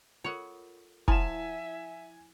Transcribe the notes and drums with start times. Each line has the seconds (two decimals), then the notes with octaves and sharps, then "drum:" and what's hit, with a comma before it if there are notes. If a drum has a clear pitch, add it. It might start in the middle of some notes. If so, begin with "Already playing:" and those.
0.24 F4 A4 A#4 C#5 F#5
1.08 F3 E4 E5 F#5 G#5 E7, drum: kick